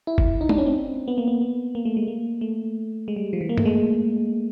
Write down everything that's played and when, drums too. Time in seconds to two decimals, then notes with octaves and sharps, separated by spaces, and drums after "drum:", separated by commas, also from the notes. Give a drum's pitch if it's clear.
0.07 E4
0.18 drum: kick F#1
0.41 D#4
0.49 D4, drum: tom
0.58 C#4
0.66 C4
1.08 B3
1.18 A#3
1.28 B3
1.41 B3
1.75 A#3
1.85 A3
1.97 G#3
2.08 A#3
2.41 A3
3.08 G#3
3.16 G3
3.33 F3
3.41 E3
3.49 A#3
3.58 A3, drum: tom G2
3.65 G#3